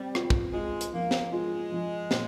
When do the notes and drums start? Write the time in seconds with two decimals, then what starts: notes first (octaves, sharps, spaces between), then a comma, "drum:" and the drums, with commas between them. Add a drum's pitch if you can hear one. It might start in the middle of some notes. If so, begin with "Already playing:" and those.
Already playing: G3 C4
0.15 F4, drum: rim click
0.30 drum: kick
0.54 G#3 F4
0.81 drum: hi-hat
0.93 F3 A#3
1.11 drum: snare
1.32 G#3 F4
1.72 F3
2.11 A#2, drum: snare